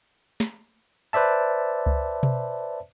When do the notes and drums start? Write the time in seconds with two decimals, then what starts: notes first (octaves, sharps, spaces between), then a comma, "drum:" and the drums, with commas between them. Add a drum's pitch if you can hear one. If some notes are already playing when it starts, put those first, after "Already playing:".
0.40 drum: snare
1.13 B4 C5 D5 E5 A5
1.86 drum: kick C#2
2.23 drum: tom B2